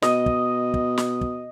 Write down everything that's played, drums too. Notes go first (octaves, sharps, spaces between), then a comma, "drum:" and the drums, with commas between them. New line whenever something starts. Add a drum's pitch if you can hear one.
B2 D#5, drum: snare
drum: kick
drum: kick
drum: snare
drum: kick